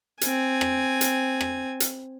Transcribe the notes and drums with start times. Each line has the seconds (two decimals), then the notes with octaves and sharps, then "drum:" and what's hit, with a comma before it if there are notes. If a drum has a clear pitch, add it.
0.21 C4 G#5, drum: hi-hat
0.61 drum: rim click
1.01 drum: hi-hat
1.41 drum: rim click
1.80 drum: hi-hat